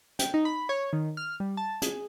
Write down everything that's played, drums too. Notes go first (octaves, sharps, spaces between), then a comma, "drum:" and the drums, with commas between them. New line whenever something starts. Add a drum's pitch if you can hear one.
G5, drum: hi-hat
D#4
B5
C#5
D#3
F6
G3
A5
G#4, drum: hi-hat